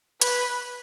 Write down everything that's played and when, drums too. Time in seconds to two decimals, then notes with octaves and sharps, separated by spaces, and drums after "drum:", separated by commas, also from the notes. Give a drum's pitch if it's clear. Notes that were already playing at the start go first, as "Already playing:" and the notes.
0.22 B4, drum: hi-hat